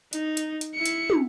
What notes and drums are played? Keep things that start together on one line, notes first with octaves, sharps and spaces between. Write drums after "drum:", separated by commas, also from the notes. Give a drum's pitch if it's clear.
D#4, drum: hi-hat
drum: hi-hat
drum: hi-hat
E4 C#7
drum: hi-hat
drum: tom